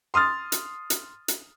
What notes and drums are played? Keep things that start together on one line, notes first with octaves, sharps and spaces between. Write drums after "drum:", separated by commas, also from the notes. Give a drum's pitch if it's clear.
C6 D#6 F6 A6
drum: hi-hat
drum: hi-hat
drum: hi-hat